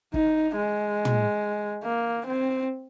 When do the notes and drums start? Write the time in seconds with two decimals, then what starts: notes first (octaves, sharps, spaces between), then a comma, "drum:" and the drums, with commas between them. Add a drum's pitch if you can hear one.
0.14 D#4, drum: kick
0.56 G#3
1.05 drum: tom
1.84 A#3
2.26 C4